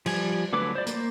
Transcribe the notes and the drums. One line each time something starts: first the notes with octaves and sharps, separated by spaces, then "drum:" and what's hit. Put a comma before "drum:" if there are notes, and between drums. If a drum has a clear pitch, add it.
F3 G3 G#5, drum: cymbal
D3 F#3 A3 B4 D6
C5 D5
A#3 C5, drum: hi-hat